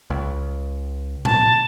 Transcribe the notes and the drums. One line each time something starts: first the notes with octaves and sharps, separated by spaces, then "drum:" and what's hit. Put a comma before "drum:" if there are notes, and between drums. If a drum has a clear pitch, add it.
C#2
A5, drum: tom A2